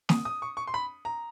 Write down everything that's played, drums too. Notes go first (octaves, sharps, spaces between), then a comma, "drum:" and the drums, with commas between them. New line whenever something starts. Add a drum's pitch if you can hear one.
D#6, drum: snare
D#6
C#6
C#6
C6
B5
A#5